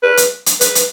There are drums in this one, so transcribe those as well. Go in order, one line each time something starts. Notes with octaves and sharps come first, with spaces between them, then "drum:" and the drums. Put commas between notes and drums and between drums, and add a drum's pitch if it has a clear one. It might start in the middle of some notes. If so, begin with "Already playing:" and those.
B4
drum: hi-hat
drum: hi-hat
B4, drum: hi-hat
drum: hi-hat